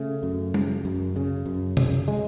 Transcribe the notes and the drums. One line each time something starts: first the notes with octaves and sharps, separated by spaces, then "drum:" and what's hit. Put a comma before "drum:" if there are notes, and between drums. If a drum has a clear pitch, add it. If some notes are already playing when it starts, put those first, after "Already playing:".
Already playing: C#3 A3
F#2
C#3, drum: tom
F#2
C#3
F#2
C#3, drum: tom
G#3